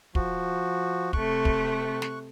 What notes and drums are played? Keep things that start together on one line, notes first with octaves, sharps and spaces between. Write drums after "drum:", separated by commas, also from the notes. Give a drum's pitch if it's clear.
F3 F#4, drum: kick
C3 A3 C#6 F#6, drum: kick
drum: kick
drum: snare